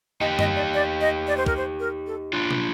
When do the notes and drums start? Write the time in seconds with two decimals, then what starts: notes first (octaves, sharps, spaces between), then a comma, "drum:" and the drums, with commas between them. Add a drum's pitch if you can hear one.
0.20 D#4 G4 D#5
0.39 D#5, drum: tom F#2
0.56 D5
0.74 D5
1.01 D#5
1.27 D5
1.37 C5
1.46 A#4, drum: kick
1.57 C5
1.80 A#4
2.07 A4
2.33 D4 F4
2.51 drum: tom B2